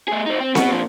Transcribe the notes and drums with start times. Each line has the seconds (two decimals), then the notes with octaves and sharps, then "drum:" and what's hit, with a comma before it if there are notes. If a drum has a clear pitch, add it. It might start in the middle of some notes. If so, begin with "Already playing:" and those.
0.08 A3 G#4
0.26 C4 D#4
0.40 C4
0.55 B3 F#4, drum: snare C4
0.71 A#2 F3